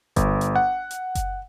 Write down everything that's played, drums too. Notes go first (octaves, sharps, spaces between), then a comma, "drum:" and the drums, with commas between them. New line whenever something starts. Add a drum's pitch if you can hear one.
G1, drum: kick F#1, hi-hat
drum: hi-hat
F#5
drum: hi-hat
drum: kick F#1, hi-hat